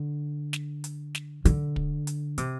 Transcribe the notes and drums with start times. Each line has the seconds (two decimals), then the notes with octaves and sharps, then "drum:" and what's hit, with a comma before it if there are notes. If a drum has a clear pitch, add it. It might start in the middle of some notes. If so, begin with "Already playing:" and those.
Already playing: D3
0.53 drum: snare
0.84 drum: hi-hat
1.15 drum: snare
1.45 D3, drum: hi-hat
1.76 drum: kick
2.07 drum: hi-hat
2.38 C3, drum: hi-hat